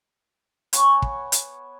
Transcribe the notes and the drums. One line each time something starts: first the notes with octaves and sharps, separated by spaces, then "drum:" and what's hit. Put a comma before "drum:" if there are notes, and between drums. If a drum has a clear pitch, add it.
B3 C#5 G#5 C#6, drum: hi-hat
drum: kick
drum: hi-hat